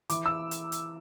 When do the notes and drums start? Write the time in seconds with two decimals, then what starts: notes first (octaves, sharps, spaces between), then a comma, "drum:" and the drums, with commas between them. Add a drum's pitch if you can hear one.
0.09 E3 D6, drum: hi-hat
0.26 E6
0.51 drum: hi-hat
0.72 drum: hi-hat